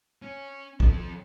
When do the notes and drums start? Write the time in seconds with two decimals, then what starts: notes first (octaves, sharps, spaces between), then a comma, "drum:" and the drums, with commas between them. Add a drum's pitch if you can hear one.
0.22 C#4
0.80 F3 A4, drum: kick